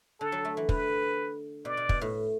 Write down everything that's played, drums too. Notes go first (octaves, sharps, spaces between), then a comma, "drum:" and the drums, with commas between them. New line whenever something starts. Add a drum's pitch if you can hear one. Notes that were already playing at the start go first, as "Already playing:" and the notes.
D3 A4
F#3
A3
E3
D3 B4, drum: kick
B2 D5
B2
B2, drum: kick
A2